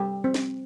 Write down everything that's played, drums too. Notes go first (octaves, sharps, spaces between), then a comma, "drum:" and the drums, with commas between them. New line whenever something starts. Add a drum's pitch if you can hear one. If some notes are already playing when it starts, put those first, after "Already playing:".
Already playing: G3 G4
C4
drum: snare